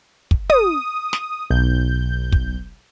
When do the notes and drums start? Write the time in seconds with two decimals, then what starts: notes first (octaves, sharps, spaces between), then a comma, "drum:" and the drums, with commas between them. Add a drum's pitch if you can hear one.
0.31 drum: kick
0.50 D#6, drum: tom
1.13 drum: snare
1.50 B1 G6
2.32 drum: kick